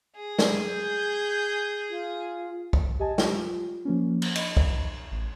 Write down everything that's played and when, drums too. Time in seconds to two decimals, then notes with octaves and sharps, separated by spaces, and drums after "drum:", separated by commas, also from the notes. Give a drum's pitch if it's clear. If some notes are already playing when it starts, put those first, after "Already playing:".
0.17 G#4
0.39 drum: snare
0.69 G6
1.90 F4
2.73 drum: kick B1
3.00 G4 D#5 G#5 A5
3.18 F4 G4, drum: snare
3.85 F3 A#3 C#4
4.22 drum: cymbal
4.36 D#5 B5, drum: cymbal
4.57 drum: kick B1
5.11 A1